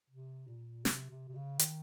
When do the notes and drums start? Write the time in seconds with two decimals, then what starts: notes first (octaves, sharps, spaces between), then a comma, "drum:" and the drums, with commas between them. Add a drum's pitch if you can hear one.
0.10 C3
0.48 A#2
0.85 C3, drum: snare
1.10 C3
1.29 C3
1.35 C#3
1.59 D#3, drum: hi-hat